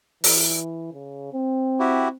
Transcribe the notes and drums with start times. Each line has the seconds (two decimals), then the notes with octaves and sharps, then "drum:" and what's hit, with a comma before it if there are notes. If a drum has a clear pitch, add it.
0.24 E3, drum: open hi-hat
0.94 C#3
1.33 C4
1.80 E4 F#4 G4